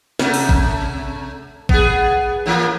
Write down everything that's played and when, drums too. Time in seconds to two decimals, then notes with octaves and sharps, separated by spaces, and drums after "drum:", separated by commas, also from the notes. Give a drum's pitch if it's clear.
0.19 C3 A3, drum: snare
0.34 drum: open hi-hat
0.49 drum: kick G#1
1.69 B3 G#4, drum: kick G#1
2.46 A2 E3 A#3